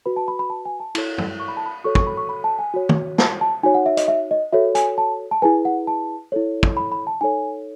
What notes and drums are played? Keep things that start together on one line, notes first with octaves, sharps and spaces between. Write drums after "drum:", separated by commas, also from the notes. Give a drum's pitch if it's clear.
F#4 B4 B5
A5
B5
B5
A5
G#5
A5
E4 A4 C#5, drum: cymbal
drum: tom
C#6
B5
A5
B5
F#4 A4 C#5 C#6
C#6, drum: kick
B5
C#6
B5
A5
G#5
F#4 C#5
drum: tom
A5, drum: snare
A5
D#4 F#4 C#5 G#5
F#5
E5
D#5, drum: hi-hat
E5
D#5
F#4 A4 C#5 E5
G#5, drum: hi-hat
A5
A5
E4 G#4 B4 G#5
F#5
A5
E4 A4 C#5
drum: kick
B5
B5
A5
D#4 A4 C#5 G#5